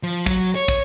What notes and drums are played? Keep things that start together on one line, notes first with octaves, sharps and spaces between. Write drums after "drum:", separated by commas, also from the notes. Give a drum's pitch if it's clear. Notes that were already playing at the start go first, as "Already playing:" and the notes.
F3
F#3, drum: kick, hi-hat
C#5
drum: kick, hi-hat